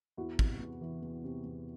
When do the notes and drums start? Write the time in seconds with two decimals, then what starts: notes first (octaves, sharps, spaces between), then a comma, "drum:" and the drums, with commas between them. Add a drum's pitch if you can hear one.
0.17 E2 E4 F#4
0.39 C3, drum: kick
0.60 E2
0.81 E3
1.02 E2
1.23 C3
1.44 E2